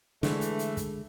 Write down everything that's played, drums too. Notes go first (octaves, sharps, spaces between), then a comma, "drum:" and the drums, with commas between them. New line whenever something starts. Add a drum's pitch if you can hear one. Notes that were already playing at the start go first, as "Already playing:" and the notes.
D3 E3 G#3 A3, drum: snare
drum: hi-hat
drum: hi-hat
drum: kick, hi-hat